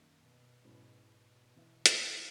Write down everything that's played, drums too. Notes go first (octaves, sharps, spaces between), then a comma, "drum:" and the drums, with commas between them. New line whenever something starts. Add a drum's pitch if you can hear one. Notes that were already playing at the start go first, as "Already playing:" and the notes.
Already playing: F#2 D#3 A#3 D#4 A#4
B2
G#2 B2 F#3 C#4 E4 B4
B2
E3 B3 E4 B4 E5
drum: hi-hat
D#3